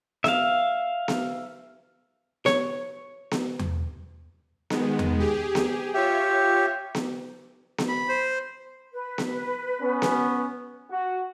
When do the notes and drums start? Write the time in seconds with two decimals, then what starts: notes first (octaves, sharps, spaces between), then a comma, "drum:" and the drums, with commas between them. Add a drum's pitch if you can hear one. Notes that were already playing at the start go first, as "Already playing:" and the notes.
0.24 E5 F5, drum: snare B3
1.08 drum: snare B3
2.46 C#5, drum: snare B3
3.31 drum: snare B3
3.59 drum: tom E2
4.70 D#3 G#3 B3, drum: snare B3
4.99 drum: tom E2
5.20 G4 G#4
5.55 drum: snare B3
5.94 F4 G4 C#5 E5
6.95 drum: snare B3
7.78 drum: snare B3
7.89 B5
8.09 C5
8.93 B4
9.18 drum: snare B3
9.82 B3 C#4
10.02 drum: snare B3
10.91 F#4